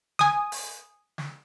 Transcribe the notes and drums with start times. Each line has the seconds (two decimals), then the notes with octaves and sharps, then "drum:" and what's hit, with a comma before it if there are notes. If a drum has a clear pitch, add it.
0.19 G#5 D#6, drum: snare
0.52 drum: open hi-hat
1.18 drum: snare